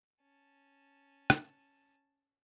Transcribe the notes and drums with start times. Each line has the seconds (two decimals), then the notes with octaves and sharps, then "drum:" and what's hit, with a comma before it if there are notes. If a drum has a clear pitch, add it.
0.21 C#4 A5
1.30 drum: rim click